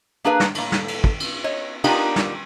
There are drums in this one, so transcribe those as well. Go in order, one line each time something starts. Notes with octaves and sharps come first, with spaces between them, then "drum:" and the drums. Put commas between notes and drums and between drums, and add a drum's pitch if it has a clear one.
A#3 D4 G#4 A#4 B4 F5
drum: snare
A2 A#3, drum: cymbal
drum: snare
drum: cymbal
drum: kick
drum: cymbal
C#5 D#5
B3 D4 D#4 F4 G4 A#4, drum: cymbal
drum: snare